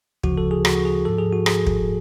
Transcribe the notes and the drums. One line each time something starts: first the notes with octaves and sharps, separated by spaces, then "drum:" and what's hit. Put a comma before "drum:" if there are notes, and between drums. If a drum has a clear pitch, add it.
D2 C#3 F3 F#4, drum: kick
A4
G#4
F#4, drum: rim click
G#4
G#2 F3 A4
G#4
F#4
G#4, drum: rim click
drum: kick